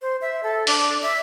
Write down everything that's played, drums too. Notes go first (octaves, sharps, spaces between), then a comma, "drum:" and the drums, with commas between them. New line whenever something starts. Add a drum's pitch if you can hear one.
C5
E5
A4
D4, drum: open hi-hat
E5